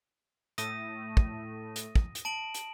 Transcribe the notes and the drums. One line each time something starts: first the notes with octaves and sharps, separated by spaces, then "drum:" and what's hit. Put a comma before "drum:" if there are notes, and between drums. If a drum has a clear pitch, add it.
A2 A3 D#6 A#6 D#7, drum: hi-hat
drum: kick
drum: hi-hat
drum: kick
drum: hi-hat
A5 D7 F#7
drum: hi-hat